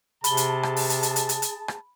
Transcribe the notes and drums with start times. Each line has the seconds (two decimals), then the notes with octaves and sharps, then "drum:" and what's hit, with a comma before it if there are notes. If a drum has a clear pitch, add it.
0.24 C3 G#4 A5 B5 G7, drum: hi-hat
0.37 drum: hi-hat
0.63 drum: rim click
0.76 drum: open hi-hat
0.90 drum: hi-hat
1.03 drum: hi-hat
1.16 drum: hi-hat
1.29 drum: hi-hat
1.42 drum: hi-hat
1.68 drum: rim click